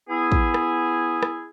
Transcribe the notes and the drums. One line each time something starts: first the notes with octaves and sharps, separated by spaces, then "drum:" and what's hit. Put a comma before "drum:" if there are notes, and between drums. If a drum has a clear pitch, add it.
B3 E4 G#4
drum: kick
drum: rim click
drum: rim click